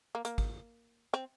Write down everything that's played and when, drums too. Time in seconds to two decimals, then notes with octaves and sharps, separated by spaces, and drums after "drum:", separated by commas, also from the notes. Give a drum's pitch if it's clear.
0.15 A#3
0.25 A#3, drum: hi-hat
0.38 drum: kick G#1
1.14 C4